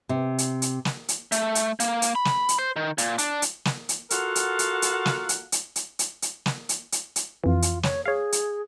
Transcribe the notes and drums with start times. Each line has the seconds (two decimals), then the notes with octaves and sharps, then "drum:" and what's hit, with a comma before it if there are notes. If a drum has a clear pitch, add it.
0.09 C3
0.38 drum: hi-hat
0.62 drum: hi-hat
0.85 drum: snare
1.09 drum: hi-hat
1.32 A3, drum: hi-hat
1.55 drum: hi-hat
1.80 A#3, drum: hi-hat
2.02 drum: hi-hat
2.15 B5
2.25 drum: snare
2.49 drum: hi-hat
2.59 C5
2.76 D#3
2.98 A#2, drum: hi-hat
3.18 D4, drum: hi-hat
3.42 drum: hi-hat
3.65 drum: snare
3.89 drum: hi-hat
4.10 F4 F#4 A4 A#4 F5 F#5, drum: hi-hat
4.35 drum: hi-hat
4.59 drum: hi-hat
4.82 drum: hi-hat
5.06 drum: snare
5.29 drum: hi-hat
5.52 drum: hi-hat
5.76 drum: hi-hat
5.99 drum: hi-hat
6.22 drum: hi-hat
6.46 drum: snare
6.69 drum: hi-hat
6.92 drum: hi-hat
7.16 drum: hi-hat
7.44 F2 E3 F4
7.62 drum: hi-hat
7.83 C#5, drum: snare
8.06 G#4 C#5 F5
8.32 drum: hi-hat